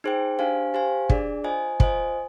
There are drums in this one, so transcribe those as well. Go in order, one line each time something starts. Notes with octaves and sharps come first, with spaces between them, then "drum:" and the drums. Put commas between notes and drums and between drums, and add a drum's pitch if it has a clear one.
D#4 G#4 C5 G5
D4 G4 C5 F5 G#5
G4 C5 F5 G#5
D4 G#4 D5, drum: kick
F4 C5 D#5 G#5
F4 C5 D#5 G#5, drum: kick